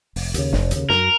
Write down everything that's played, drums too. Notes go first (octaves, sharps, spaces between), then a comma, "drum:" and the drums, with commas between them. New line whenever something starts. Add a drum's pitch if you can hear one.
F1, drum: open hi-hat
D#2 C#3, drum: hi-hat
F1, drum: snare
D#2 C#3, drum: hi-hat
F#2 A#4, drum: snare